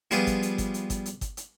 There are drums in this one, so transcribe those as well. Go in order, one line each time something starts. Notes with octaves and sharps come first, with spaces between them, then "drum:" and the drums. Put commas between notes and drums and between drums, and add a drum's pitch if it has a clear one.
F3 G3 B3 F4 G#4 B4, drum: hi-hat
drum: kick G1, hi-hat
drum: hi-hat
drum: kick G1, hi-hat
drum: hi-hat
drum: kick G1, hi-hat
drum: hi-hat
drum: kick G1, hi-hat
drum: hi-hat